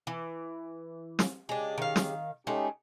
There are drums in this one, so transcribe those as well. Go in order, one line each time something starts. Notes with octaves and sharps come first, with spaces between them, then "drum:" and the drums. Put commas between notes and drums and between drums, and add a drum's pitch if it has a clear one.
E3
drum: snare
C#3 G#3 D4 G4
D#3 F5
drum: snare
G#3 A3 C#4 D#4 G4